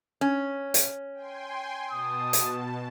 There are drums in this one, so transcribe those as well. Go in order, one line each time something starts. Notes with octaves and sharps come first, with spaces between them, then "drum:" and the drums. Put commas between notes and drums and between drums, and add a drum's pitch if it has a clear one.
C#4
drum: hi-hat
G5 G#5 C6
B2 A5 D#6
drum: hi-hat